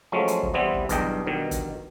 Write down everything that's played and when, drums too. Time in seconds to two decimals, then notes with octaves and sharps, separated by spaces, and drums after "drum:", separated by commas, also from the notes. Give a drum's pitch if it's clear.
0.12 F3 F#3 G#3 A3 C#4
0.28 drum: hi-hat
0.43 drum: kick
0.54 E3 G3 B3 C4 E4
0.74 drum: kick
0.89 B1 E2 G2 D#5 G5, drum: kick, hi-hat
1.26 G2 B2 D#3
1.51 drum: kick, hi-hat